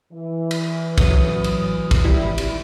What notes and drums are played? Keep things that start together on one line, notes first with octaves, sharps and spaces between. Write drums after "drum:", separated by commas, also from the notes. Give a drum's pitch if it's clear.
E3
drum: cymbal
A1 F#3 D#6, drum: kick, cymbal
drum: cymbal
drum: kick, cymbal
G#1 G3 E4
drum: cymbal